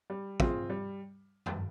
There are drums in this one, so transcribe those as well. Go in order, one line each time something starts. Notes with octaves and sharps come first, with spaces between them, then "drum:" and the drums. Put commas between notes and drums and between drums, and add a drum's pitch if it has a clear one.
G3
C4 F4 G#4, drum: kick
G3
drum: tom F#2